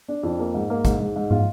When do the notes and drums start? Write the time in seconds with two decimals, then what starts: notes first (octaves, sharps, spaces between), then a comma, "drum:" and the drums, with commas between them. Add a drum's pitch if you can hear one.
0.08 D4
0.23 F2
0.39 A#3
0.54 G#2
0.70 A#3
0.85 G#2, drum: kick, hi-hat
1.00 G#2
1.16 G#2
1.31 F4, drum: tom